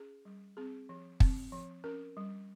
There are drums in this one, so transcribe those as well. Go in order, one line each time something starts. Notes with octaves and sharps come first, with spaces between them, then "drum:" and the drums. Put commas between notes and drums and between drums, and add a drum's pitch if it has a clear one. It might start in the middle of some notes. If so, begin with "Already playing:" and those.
Already playing: C#4 G#4
G3
C4 G#4
F3
C4, drum: kick
F3
C#4 A#4
G3